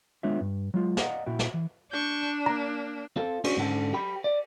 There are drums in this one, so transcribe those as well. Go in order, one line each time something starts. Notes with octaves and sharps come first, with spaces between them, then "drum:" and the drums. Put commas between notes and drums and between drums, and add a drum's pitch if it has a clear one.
G#3 B3 D4 F4 C#5 E5
G2
F#3 G#3 F4
D5 D#5 F5 F#5 A#5, drum: snare
A#2 E4 F#4 G5
drum: snare
E3
D4 C#6 G6
A#3 A#5
C4 F4 A4
C#4 D4 F4 F#4 G#4 C#5, drum: cymbal
G#2 D3 C#4 A4 F#5 A5
G4 G5 B5
D5